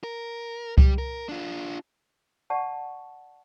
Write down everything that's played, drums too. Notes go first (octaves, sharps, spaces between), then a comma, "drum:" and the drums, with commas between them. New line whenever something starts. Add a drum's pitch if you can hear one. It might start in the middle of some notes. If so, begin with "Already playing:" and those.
A#4
G3, drum: kick C2
A#4
D4 F4
D5 F#5 A5 C#6